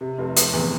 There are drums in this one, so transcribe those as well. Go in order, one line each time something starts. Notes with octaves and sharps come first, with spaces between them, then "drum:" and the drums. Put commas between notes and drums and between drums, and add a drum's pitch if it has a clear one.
C3
F1
F1, drum: hi-hat
E2